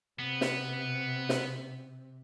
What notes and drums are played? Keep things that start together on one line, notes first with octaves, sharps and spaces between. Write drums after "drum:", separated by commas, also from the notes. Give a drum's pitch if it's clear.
C3 B3
drum: snare
drum: snare